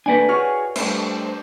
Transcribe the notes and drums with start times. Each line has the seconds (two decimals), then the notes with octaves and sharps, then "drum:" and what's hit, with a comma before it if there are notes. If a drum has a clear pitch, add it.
0.06 A3 A#3 D4 B4 D5 G#5
0.29 F#4 G#4 C#5 C#6 F6
0.76 G3 A3 D4 C5, drum: cymbal